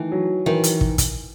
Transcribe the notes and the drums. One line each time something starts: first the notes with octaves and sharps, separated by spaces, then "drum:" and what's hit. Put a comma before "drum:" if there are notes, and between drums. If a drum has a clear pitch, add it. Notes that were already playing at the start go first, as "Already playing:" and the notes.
Already playing: D#3 E3 A3
F#3
D#3 E3
drum: hi-hat
drum: kick
drum: kick, hi-hat